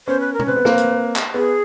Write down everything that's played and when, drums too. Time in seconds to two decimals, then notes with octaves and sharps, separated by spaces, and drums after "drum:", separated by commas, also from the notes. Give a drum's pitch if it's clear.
0.07 B3 C#4 C5
0.20 B4
0.33 A#4
0.39 C#4, drum: tom A#2
0.46 C4 B4
0.56 B3
0.65 A#3 C4, drum: snare
0.78 drum: hi-hat
1.16 drum: clap
1.34 B3 G#4